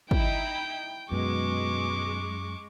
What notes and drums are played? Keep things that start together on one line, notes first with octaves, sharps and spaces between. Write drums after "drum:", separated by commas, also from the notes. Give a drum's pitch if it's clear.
D#4 E4 G5, drum: kick
F#2 B2 G#3 C#6 D6